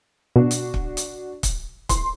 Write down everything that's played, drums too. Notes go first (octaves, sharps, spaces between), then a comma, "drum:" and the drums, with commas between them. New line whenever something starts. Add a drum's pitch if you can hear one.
B2 D4 F#4
drum: hi-hat
drum: kick
drum: hi-hat
drum: kick, hi-hat
C6, drum: kick, hi-hat